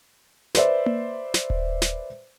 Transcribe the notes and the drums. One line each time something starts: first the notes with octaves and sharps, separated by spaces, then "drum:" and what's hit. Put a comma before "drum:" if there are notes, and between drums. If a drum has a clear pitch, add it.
B4 C5 D5 E5, drum: snare
drum: tom A#3
drum: snare
drum: kick D#1
drum: snare